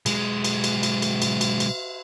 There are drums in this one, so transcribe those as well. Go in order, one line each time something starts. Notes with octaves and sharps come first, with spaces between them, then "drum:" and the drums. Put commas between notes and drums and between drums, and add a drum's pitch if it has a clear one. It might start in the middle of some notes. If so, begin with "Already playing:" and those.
B1 G#3, drum: cymbal
drum: cymbal
drum: cymbal
drum: cymbal
drum: cymbal
drum: cymbal
drum: cymbal
drum: cymbal